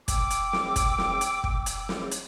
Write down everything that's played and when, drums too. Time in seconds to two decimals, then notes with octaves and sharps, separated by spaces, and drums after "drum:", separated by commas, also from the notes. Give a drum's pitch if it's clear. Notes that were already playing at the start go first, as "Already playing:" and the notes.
0.08 G5 D6 E6, drum: kick, hi-hat
0.31 drum: hi-hat
0.53 drum: snare
0.76 drum: kick, hi-hat
0.98 drum: snare
1.21 drum: hi-hat
1.44 drum: kick
1.66 drum: hi-hat
1.89 drum: snare
2.12 drum: hi-hat